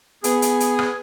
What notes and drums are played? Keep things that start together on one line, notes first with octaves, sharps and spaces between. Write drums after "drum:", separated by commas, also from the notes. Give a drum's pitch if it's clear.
B3 G#4, drum: hi-hat
drum: hi-hat
drum: hi-hat
drum: rim click